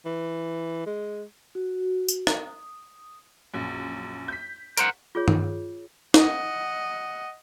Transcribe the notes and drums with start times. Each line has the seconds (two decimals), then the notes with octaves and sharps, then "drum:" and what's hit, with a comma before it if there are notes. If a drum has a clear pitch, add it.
0.05 E3
0.86 G#3
1.55 F#4
2.08 drum: tambourine
2.27 drum: rim click
2.47 D#6
3.54 A#1 F#2
4.28 G6 B6
4.77 A#4 C5 F#5, drum: hi-hat
5.15 F4 G#4 C#5
5.28 drum: tom G2
6.14 D#5 F#5, drum: snare